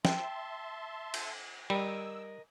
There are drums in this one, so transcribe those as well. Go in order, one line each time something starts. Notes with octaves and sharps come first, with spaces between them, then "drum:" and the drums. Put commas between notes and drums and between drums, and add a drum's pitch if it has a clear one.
E5 G5 A5 C6, drum: snare
drum: cymbal
G3 A#4 D#5 E6